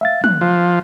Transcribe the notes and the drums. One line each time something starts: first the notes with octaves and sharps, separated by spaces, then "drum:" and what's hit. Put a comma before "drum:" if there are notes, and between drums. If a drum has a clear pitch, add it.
E5 F5 A6
F#6, drum: tom
F3